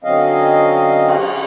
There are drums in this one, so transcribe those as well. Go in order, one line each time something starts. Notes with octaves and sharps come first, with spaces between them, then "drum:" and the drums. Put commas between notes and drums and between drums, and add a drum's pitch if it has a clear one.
D3 F#3 C4 C#4 D#5 F5
drum: cymbal